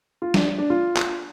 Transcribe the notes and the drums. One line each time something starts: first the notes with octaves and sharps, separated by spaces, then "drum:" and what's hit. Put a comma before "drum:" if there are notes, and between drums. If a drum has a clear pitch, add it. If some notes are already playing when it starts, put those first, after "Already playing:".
F4
D4, drum: snare
D4
F4
drum: clap